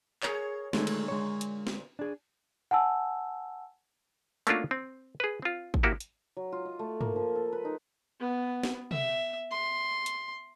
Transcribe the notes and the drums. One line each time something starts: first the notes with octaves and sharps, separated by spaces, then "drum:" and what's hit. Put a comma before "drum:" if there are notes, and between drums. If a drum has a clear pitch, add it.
G#4 A#4 C#5, drum: clap
A#2 D3 G#3 A3, drum: snare
drum: cymbal
G#3 C#5
drum: hi-hat
drum: snare
D4 G#4
F#5 G#5 A5 E6
A3 A#3 C#4 D4 F4 F#4, drum: hi-hat
C4
G#4 B4
C4 F4
drum: kick
A#3 E4 F#4 G4
drum: hi-hat
F#3
F4
D#5
A3
A#3, drum: tom
F3
A4
B4
D#4
B3
drum: snare
E5, drum: tom
C6
drum: hi-hat